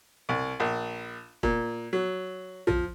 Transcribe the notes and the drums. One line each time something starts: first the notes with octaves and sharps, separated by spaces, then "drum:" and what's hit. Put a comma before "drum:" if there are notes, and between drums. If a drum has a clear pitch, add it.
C2
A#1
A#2, drum: kick E1
F#3
F3, drum: tom B1